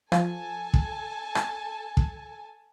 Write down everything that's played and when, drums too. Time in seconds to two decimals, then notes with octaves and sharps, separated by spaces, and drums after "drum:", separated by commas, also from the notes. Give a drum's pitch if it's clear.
0.12 F3 A4 G#5 A5, drum: rim click
0.74 drum: kick
1.35 drum: rim click
1.97 drum: kick